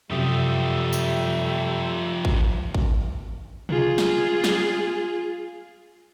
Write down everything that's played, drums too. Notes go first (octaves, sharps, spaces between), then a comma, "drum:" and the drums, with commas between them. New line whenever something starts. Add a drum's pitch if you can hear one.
F#2 C3 F3 G3 A3 G4 E5 D#6
drum: tambourine
drum: kick A1
drum: kick A1
F4 G#4, drum: tom B2
drum: snare
drum: snare